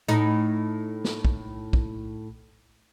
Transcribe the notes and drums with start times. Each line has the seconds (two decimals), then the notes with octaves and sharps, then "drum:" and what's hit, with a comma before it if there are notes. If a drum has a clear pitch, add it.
0.08 A2 D#4, drum: hi-hat
1.04 drum: snare
1.25 drum: kick
1.73 drum: kick